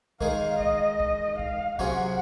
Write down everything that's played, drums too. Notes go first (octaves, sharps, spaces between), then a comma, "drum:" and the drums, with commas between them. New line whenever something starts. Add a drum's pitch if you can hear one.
D#3 G#3 D#4 G#4 F5, drum: kick
D#5, drum: kick
drum: kick
F5, drum: kick
C3 F#3 C#4 F4 G#4 F#5, drum: kick